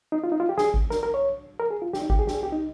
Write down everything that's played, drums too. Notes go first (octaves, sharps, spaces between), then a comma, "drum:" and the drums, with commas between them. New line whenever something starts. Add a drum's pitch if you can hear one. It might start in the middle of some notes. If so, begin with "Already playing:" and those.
D#4
F4
D#4
F4
G4
G#4, drum: snare
drum: kick G#1
A#4, drum: snare
A#4
C#5
A#4
G#4
F4
G4, drum: snare
D#4
G4, drum: kick G#1
G#4
G4, drum: snare
G#4
G4
D#4